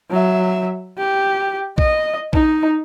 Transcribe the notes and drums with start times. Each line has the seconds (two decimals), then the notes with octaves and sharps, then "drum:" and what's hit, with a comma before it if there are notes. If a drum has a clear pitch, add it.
0.11 F#3 E5
0.98 G4
1.78 D#5, drum: kick A#1
2.33 D#4, drum: kick A#1